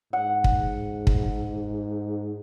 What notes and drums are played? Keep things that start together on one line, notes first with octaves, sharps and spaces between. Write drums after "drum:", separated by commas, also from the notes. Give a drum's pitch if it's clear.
G#2 F#5
drum: kick
drum: kick